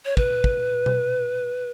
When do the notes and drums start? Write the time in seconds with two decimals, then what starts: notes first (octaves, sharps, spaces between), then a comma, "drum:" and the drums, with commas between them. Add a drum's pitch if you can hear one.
0.05 C#5
0.17 B4, drum: kick
0.44 drum: kick
0.86 drum: tom B2